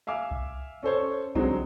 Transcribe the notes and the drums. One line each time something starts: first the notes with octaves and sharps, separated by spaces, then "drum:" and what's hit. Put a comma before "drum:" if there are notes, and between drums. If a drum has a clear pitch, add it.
E5 F5 G#5 D6 F6
drum: kick B1
C#4 A4 C5 C#5
D3 F#3 G#3 C4 D#4, drum: kick B1